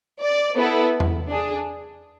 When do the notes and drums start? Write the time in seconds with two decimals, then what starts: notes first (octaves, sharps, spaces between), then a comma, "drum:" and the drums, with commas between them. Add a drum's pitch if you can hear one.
0.21 D5
0.56 B3 E4 A4
1.00 drum: tom E2
1.27 D4 G#4